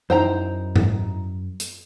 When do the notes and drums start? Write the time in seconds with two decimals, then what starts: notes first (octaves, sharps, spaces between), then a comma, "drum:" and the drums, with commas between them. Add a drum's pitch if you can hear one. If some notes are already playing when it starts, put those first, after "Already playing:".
0.10 F#2 D#4 E4 C5 G5 A#5
0.76 drum: tom G#2
1.60 drum: hi-hat